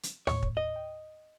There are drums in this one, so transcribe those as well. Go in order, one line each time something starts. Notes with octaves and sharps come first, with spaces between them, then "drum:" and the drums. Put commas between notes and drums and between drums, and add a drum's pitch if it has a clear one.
drum: hi-hat
D#2 A2 C#5, drum: rim click
drum: kick
D#5
G5